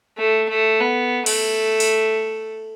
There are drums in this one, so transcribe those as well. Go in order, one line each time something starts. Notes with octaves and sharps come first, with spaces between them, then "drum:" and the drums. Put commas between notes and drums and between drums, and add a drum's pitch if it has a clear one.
A3
A3
B3
A3, drum: cymbal
drum: open hi-hat